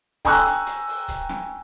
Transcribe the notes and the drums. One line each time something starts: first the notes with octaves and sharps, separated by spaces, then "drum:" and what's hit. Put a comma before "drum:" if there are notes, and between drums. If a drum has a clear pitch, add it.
G5 G#5 A#5 C#6 E6 F#6, drum: kick C#1, hi-hat
drum: hi-hat
drum: hi-hat
drum: open hi-hat
drum: kick C#1, hi-hat
drum: snare